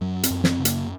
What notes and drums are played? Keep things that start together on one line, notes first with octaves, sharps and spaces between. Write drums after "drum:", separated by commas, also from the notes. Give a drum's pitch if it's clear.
F#2 F#3
C4, drum: hi-hat
F#2
C4, drum: snare
C#3
A#3, drum: hi-hat